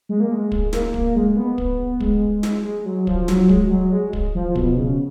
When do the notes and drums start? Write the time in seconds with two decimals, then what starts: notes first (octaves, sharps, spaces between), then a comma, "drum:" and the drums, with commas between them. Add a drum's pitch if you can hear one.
0.09 G#3
0.20 A#3
0.31 G#3
0.52 drum: kick
0.73 A#3, drum: snare
0.94 A#3, drum: kick
1.16 G#3
1.36 B3
1.58 drum: kick
2.00 G#3, drum: kick
2.43 drum: snare
2.64 G#3
2.86 F#3
3.07 F3, drum: kick
3.28 F#3, drum: snare
3.49 G#3, drum: kick
3.70 F#3
3.92 G#3
4.13 drum: kick
4.35 F3
4.55 B2, drum: kick
4.77 C#3